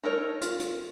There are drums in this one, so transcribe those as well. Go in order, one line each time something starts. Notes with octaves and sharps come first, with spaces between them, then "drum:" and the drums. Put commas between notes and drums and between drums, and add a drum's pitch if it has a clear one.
D#4 A4 A#4 C#5
F4, drum: hi-hat
drum: hi-hat